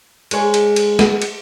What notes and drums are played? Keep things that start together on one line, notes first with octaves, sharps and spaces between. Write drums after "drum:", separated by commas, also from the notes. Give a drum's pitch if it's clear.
G#3 G#4 C#5, drum: cymbal
drum: cymbal
drum: cymbal
drum: snare
drum: cymbal